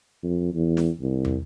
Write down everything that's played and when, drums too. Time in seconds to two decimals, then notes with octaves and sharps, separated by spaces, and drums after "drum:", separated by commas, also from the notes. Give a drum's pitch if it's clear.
0.23 F2
0.54 E2
0.77 drum: snare
1.01 C2
1.25 drum: tom